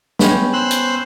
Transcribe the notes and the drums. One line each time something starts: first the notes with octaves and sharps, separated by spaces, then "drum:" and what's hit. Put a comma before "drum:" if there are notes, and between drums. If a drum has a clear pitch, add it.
B3 C#4 G5 B5, drum: snare
C5 E6 F#6
drum: hi-hat